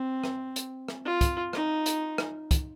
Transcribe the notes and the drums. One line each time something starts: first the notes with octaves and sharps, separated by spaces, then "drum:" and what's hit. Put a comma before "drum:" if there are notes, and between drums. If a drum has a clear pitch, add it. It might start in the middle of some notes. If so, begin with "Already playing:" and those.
Already playing: C4
drum: rim click
drum: hi-hat
drum: rim click
F4
drum: kick, hi-hat
D#4, drum: rim click
drum: hi-hat
drum: rim click
drum: kick, hi-hat